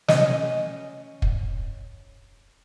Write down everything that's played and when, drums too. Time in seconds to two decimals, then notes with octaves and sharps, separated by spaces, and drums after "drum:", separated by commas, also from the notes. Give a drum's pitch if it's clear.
0.08 C#4 D#5, drum: snare
1.22 drum: kick